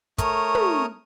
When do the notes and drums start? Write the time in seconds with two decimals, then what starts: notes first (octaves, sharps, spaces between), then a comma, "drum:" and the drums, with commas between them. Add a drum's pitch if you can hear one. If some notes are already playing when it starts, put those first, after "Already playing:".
0.18 A3 A#4 C#5 D#6, drum: kick, hi-hat
0.55 drum: tom